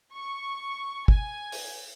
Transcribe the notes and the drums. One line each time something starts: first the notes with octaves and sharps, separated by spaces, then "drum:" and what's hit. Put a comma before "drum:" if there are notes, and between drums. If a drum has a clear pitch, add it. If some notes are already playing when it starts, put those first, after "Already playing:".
C#6
G#5, drum: kick
drum: open hi-hat